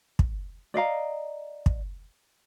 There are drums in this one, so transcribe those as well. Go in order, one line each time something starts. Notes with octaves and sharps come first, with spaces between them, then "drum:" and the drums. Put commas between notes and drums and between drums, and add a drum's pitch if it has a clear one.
drum: kick
D5 D#5 F5 A#5
drum: kick